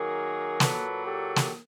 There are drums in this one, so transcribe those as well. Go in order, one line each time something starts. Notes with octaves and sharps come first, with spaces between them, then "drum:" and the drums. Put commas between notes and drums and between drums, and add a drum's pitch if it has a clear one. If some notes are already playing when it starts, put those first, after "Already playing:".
Already playing: D#3 F#3 A#3 G#4 A#4
A#2 F#3 A#3 A4 B4, drum: snare
G4 A4
drum: snare